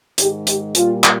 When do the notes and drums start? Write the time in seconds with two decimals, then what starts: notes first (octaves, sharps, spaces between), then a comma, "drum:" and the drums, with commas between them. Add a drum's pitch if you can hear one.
0.18 G#2 D#3 G#3 G4, drum: hi-hat
0.47 G4, drum: hi-hat
0.75 A#2 G3 F4, drum: hi-hat
1.04 drum: clap